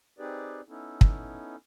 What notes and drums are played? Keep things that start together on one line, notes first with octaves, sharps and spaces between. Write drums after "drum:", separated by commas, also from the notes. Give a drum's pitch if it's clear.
C4 D#4 G4 G#4 B4 D5
B3 C#4 D#4 E4 A4
drum: kick